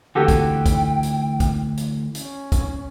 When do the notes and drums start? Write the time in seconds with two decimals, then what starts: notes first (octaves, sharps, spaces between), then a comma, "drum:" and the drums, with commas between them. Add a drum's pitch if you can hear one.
0.15 D2 E3 F#4 G4 A4 G5
0.28 drum: kick, hi-hat
0.66 drum: kick, hi-hat
1.03 drum: hi-hat
1.40 drum: kick, hi-hat
1.77 drum: hi-hat
2.15 C#4, drum: hi-hat
2.52 drum: kick, hi-hat